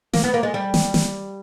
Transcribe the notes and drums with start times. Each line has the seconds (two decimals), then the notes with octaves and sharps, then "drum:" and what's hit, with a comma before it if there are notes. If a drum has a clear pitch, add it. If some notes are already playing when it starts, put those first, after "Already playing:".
0.13 A#3, drum: snare
0.24 B3
0.34 A#3
0.43 G#3
0.54 G3
0.74 drum: snare
0.94 drum: snare